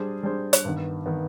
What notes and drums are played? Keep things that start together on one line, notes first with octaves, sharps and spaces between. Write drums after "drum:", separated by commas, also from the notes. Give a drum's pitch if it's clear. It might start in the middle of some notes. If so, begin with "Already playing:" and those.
Already playing: G3 D4 G#4 C5
G3 D4 G#4 C5
drum: hi-hat
G2 D#3 B3
D#3 B3